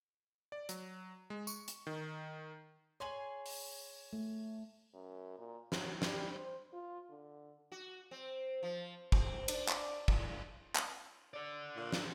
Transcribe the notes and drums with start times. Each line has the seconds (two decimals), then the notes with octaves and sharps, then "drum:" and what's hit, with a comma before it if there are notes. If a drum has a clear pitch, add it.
0.52 D5
0.69 F#3, drum: hi-hat
1.30 G#3
1.47 C#6, drum: tambourine
1.68 drum: hi-hat
1.87 D#3
3.00 G#4 C#5 G#5 C6 F#7
3.46 drum: open hi-hat
4.13 A3
4.94 F#2
5.39 A#2
5.72 F#3, drum: snare
6.02 G3, drum: snare
6.34 C5
6.73 F4
7.10 D3
7.72 F#4
8.11 C4
8.63 F3
9.12 C4, drum: kick
9.48 D4, drum: cymbal
9.68 drum: clap
10.08 A2, drum: kick
10.75 drum: clap
11.34 A4 D5
11.76 A#2
11.92 drum: snare